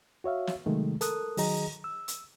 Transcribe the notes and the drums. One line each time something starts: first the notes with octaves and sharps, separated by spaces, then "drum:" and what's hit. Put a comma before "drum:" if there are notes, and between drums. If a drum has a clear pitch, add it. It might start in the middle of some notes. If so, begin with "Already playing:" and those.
F#4 C#5 E5 F5
drum: snare
C3 D#3 F#3 G#3 A3
A4 A#4 D#6 F#6, drum: hi-hat
D#3 F#3 G#4 D#5 A#5, drum: open hi-hat
E6
drum: hi-hat